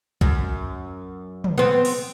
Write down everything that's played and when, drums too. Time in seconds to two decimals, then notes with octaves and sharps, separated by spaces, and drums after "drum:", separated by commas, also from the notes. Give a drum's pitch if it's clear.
0.21 F#2, drum: kick B1
1.44 drum: tom
1.58 B3 C4
1.85 drum: open hi-hat